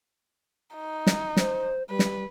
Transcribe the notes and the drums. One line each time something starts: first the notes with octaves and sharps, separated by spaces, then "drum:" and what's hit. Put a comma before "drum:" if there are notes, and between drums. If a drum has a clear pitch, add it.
D#4
drum: snare
C5, drum: snare
G3 B4
drum: snare